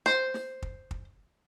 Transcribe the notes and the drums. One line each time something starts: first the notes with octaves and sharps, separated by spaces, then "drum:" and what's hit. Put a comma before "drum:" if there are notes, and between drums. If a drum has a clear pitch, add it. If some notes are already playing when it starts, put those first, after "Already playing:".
C5
drum: snare
drum: kick
drum: kick